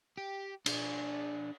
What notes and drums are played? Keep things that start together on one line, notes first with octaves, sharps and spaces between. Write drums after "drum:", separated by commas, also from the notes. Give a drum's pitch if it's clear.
G4
D4 G#4, drum: cymbal